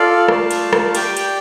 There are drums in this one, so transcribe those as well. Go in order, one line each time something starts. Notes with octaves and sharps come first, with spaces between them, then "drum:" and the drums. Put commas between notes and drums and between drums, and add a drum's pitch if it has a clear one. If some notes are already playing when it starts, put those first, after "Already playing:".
Already playing: F4 A4 D5 F5
A3 F4 D5 F5 A5, drum: rim click
drum: cymbal
drum: rim click
G4 D5 G5, drum: cymbal
drum: cymbal